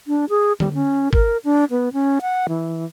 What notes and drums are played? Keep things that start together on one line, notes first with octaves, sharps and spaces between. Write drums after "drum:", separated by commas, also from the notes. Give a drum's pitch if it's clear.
D4
G#4
G3, drum: tom D3
C#4
A#4, drum: kick
D4
B3
C#4
F#5
E3